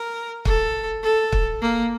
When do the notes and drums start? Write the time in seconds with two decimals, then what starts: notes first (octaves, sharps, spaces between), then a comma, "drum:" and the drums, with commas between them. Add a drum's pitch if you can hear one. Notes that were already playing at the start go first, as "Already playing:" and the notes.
Already playing: A#4
0.45 A4, drum: kick
1.03 A4
1.32 drum: kick
1.62 A#3